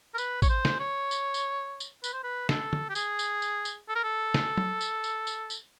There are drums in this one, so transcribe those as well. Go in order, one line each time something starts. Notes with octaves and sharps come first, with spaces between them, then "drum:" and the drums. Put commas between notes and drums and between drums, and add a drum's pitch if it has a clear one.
A#4
B4, drum: tambourine
C#5, drum: kick A1, tambourine
C5
drum: snare
C#5
drum: tambourine
drum: tambourine
drum: tambourine
B4, drum: tambourine
C5
B4
A4, drum: snare
drum: tom
G4
G#4, drum: tambourine
drum: tambourine
drum: tambourine
drum: tambourine
A4
A#4
A4
drum: snare
drum: tom
drum: tambourine
drum: tambourine
drum: tambourine
drum: tambourine